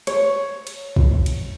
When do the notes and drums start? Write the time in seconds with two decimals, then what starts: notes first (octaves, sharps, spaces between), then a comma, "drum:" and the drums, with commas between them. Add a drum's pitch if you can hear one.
0.07 C#5, drum: cymbal
0.67 drum: cymbal
0.96 drum: kick
1.26 drum: cymbal